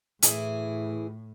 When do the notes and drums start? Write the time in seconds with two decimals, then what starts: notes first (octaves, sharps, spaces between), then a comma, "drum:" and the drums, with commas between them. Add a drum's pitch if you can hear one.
0.23 A2 E3 E4 G#4, drum: hi-hat